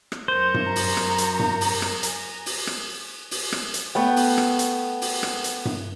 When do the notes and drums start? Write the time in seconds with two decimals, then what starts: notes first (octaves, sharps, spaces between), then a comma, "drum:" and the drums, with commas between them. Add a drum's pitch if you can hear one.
0.12 drum: rim click
0.28 F#2 A#4 C5 C#6
0.54 drum: tom G2
0.66 A#5
0.76 drum: open hi-hat
0.97 drum: rim click
1.18 drum: hi-hat
1.40 drum: tom G2
1.61 drum: open hi-hat
1.82 drum: rim click
2.03 G#5 A#5, drum: hi-hat
2.46 drum: open hi-hat
2.67 drum: rim click
3.31 drum: open hi-hat
3.52 drum: rim click
3.74 drum: hi-hat
3.95 A3 B3 G5
4.16 drum: open hi-hat
4.38 drum: rim click
4.59 drum: hi-hat
5.02 drum: open hi-hat
5.23 drum: rim click
5.44 drum: hi-hat
5.65 drum: tom G2